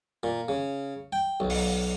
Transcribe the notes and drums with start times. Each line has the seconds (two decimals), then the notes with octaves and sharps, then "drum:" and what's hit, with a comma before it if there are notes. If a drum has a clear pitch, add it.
0.23 A#2
0.48 C#3
1.13 G5
1.40 B1
1.50 drum: open hi-hat